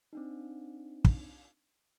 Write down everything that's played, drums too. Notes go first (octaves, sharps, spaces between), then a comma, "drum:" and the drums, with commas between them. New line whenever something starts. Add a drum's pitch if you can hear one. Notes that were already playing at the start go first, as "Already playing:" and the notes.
C4 D4 D#4
drum: kick